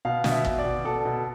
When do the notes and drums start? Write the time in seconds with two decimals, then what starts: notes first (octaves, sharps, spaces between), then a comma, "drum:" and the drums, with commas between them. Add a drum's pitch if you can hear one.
0.05 B2 F5
0.24 B2, drum: snare
0.32 E5
0.45 B2, drum: kick
0.58 D5
0.65 B2
0.85 B2 A4
1.05 B2